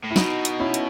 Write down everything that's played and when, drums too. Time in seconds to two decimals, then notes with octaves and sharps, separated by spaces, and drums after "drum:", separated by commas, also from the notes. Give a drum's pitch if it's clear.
0.04 A2
0.11 E4
0.16 B2 D#4 F#4, drum: snare
0.45 drum: hi-hat
0.60 C#4 E4
0.74 drum: hi-hat